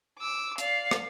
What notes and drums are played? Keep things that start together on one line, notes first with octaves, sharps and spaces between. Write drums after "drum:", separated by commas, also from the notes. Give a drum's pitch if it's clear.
D6 E6
D5 F5, drum: hi-hat
drum: rim click